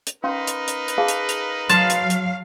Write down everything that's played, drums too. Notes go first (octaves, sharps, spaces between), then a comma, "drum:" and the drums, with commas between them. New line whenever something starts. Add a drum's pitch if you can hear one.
drum: hi-hat
C#4 D#4 A#4 B4 F5 C6
drum: hi-hat
drum: hi-hat
drum: hi-hat
G#4 F5 A5
drum: hi-hat
drum: hi-hat
F#3 F5 A5 C6, drum: hi-hat
drum: hi-hat
drum: hi-hat